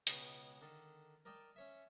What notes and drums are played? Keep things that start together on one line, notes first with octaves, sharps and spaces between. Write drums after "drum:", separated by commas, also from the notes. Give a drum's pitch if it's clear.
C#2 B2 G#3 C#6, drum: open hi-hat
D3 D#3 A4
A#4 D5 D#5 G5 A5
C#4 C#5 E5